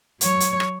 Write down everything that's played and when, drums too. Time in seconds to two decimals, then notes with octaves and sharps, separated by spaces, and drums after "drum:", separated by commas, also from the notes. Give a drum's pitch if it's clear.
0.21 F#3 C#5, drum: hi-hat
0.40 drum: hi-hat
0.60 drum: rim click